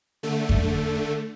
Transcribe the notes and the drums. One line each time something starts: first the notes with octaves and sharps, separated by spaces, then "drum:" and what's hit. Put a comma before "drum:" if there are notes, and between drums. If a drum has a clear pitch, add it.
D3 A3
drum: kick F2